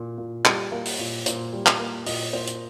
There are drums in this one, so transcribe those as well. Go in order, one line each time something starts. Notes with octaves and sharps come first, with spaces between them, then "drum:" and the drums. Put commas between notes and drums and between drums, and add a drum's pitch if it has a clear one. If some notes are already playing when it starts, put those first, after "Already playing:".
Already playing: A#2
A#2
G3, drum: clap
A#3
drum: open hi-hat
A#2
A#2 C5, drum: hi-hat
G3
drum: clap
A#3
A#2 D#5, drum: open hi-hat
A#2 C5
drum: hi-hat